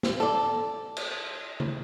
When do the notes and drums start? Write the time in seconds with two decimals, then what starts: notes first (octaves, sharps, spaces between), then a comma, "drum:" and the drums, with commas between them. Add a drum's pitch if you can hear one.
0.03 drum: snare
0.20 A4 D5
0.97 drum: cymbal
1.60 drum: tom C#3